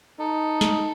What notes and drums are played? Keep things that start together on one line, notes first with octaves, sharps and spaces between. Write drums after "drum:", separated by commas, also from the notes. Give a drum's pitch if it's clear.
D#4 A4
drum: snare